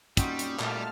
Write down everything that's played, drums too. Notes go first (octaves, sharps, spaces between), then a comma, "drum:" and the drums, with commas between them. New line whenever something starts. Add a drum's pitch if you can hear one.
A#2 G3 C4 C#4 D#4 F#4 F#5, drum: kick, hi-hat
drum: hi-hat
A#2 A3 A#3 A5 F6, drum: clap